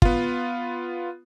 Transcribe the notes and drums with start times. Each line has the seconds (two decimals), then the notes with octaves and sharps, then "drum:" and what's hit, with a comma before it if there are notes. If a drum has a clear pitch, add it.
0.02 B3 F4, drum: kick